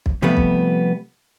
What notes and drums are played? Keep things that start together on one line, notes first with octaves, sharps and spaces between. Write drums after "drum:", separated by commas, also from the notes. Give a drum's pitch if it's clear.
drum: kick
C3 F3 G3 A3 B3
drum: kick